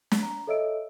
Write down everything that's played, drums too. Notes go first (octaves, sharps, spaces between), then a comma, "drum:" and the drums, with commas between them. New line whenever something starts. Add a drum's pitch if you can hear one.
drum: snare
A#5
A4 C#5 D#5 E5 E6 D7